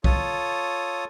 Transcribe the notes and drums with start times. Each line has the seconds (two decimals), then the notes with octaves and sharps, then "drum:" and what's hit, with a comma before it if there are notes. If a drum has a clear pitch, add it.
0.04 F4 A4 C#5 D#6, drum: kick B1